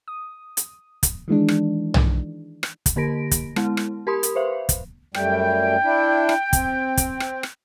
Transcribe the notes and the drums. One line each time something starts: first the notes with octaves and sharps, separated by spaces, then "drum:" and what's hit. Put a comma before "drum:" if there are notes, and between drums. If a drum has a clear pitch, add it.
D#6
drum: hi-hat
drum: kick, hi-hat
D#3 E3 G#3 D4
drum: rim click
drum: tom B1
drum: rim click
drum: kick, hi-hat
D3 A#3 G4 A#4 A#6 D7
drum: kick, hi-hat
G#3 B3 E4, drum: rim click
drum: rim click
G4 A#4 B5 C6 D#6
drum: hi-hat
B4 C5 E5 F5
drum: kick, hi-hat
F#2 G3 A3 G5, drum: rim click
D4 E4
drum: rim click
C4, drum: kick, hi-hat
drum: kick, hi-hat
drum: rim click
drum: rim click